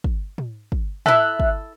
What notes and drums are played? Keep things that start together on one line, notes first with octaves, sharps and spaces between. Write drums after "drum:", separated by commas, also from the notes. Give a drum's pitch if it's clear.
drum: kick
drum: tom
drum: kick
E4 A4 E5 F#6, drum: tom
drum: kick